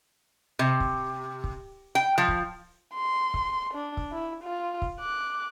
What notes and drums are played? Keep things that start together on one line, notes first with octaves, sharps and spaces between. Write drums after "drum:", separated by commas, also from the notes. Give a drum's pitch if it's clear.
C3
drum: kick
drum: kick
G5
F3
drum: kick
C6
drum: kick
D4
drum: kick
E4
F4
drum: kick
D6 F#6